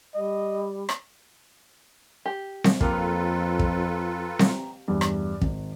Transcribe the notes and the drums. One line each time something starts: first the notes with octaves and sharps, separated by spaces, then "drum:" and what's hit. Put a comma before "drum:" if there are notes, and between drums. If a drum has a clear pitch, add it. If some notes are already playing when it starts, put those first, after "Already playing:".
G3 D#5
drum: rim click
G4
drum: snare C4
F2 A#3 F4 A4 B4 G5 A#5, drum: kick
drum: kick
drum: snare C4
E2 G2
drum: rim click
G#1, drum: kick